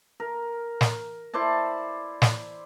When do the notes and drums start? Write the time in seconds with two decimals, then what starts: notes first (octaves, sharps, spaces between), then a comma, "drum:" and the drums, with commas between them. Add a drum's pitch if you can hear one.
0.20 A#4
0.81 drum: snare
1.34 E4 C5 D5 A5
2.22 drum: snare